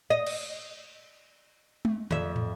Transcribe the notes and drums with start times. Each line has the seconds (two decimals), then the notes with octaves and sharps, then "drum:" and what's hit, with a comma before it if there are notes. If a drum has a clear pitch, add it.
0.10 D#5
0.27 drum: cymbal
1.85 drum: tom G#3
2.11 F2 E5, drum: tom D3
2.36 drum: tom